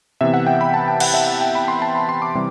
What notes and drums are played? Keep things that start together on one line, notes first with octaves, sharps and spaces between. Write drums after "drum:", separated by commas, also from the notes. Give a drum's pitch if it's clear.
C3 E3 B3 E5
F#5
G5
B5
A5
G5
F#5, drum: cymbal
E5
F#5
G5
B5
C6
A5
B5
C6
D6
C3 E3 G3